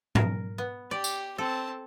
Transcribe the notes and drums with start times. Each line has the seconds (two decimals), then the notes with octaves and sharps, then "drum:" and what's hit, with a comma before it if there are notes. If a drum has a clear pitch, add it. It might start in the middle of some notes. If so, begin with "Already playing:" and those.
0.15 A#4, drum: tom G#2
0.58 B3
0.91 G4 D5
1.04 drum: tambourine
1.38 C4 A4 A5